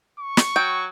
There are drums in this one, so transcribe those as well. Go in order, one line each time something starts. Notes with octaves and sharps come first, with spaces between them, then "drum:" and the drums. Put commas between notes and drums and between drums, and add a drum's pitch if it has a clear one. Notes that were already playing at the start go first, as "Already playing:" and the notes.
C#6
drum: snare
F#3 G5